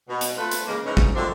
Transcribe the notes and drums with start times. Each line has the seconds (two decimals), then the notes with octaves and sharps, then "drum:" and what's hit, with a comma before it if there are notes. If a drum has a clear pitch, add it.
0.09 B2
0.21 drum: hi-hat
0.37 A3 F4 B4
0.51 drum: hi-hat
0.67 C#3 E3 G#3 A#3
0.86 G#2 E3 C#4 D#4
0.97 drum: kick
1.15 D3 D#3 F3 A3 C4 D4